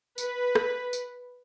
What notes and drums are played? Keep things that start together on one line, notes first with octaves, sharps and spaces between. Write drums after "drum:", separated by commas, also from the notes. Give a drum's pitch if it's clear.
B4, drum: tambourine
drum: rim click
drum: tambourine